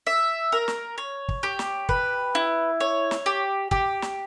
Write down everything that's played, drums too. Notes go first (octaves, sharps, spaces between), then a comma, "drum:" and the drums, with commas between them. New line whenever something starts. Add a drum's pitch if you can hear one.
E5
A#4
drum: snare
C#5
drum: kick
G4
drum: snare
B4, drum: kick
E4
C#5
drum: snare
G4
G4, drum: kick
drum: snare